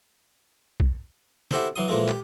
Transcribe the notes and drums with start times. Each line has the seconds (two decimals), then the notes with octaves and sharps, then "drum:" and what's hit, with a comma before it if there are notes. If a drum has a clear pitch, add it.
0.80 drum: kick
1.51 E4 F#4 G4 A4 C5 D5, drum: snare
1.76 E3 F#3 C6 D#6
1.88 A#2 E3 F3 G#3 A3
2.08 G4, drum: clap